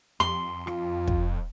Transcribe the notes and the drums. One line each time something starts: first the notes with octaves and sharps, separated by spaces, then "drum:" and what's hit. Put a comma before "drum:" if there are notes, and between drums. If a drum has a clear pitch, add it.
F2 C6
F4, drum: rim click
drum: kick